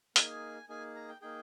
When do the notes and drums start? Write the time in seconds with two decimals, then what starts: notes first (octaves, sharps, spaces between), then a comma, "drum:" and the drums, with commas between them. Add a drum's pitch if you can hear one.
0.16 A#3 D#4 G#4 G#5, drum: hi-hat
0.69 A#3 D#4 G#4 G#5
0.95 A#5
1.09 G5
1.21 A#3 D#4 G#4 G5